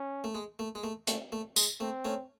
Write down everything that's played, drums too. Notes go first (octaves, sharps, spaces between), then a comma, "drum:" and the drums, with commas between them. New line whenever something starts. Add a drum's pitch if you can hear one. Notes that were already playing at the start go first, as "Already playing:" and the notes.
Already playing: C#4
A3
G#3
A3
G#3
A3
A3, drum: hi-hat
A3
G#3, drum: tambourine
A3 C4
A3 C#4